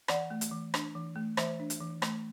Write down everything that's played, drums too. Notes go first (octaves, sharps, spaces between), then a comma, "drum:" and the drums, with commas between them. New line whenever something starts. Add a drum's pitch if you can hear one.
E3 D5 F#5, drum: rim click
A3
drum: hi-hat
E3
D4, drum: rim click
E3
A3
E3 C5 E5, drum: rim click
D4
drum: hi-hat
E3
A3, drum: rim click